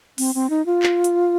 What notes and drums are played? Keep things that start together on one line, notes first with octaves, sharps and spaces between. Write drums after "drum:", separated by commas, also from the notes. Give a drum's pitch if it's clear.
C4, drum: open hi-hat
C4
D#4
F4
drum: clap
drum: hi-hat